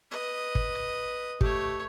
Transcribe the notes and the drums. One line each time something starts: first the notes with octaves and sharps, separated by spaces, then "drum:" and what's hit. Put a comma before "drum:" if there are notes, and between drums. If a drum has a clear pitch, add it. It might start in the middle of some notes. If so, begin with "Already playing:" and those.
B4 D#5
drum: kick
A3 G4 C#5, drum: kick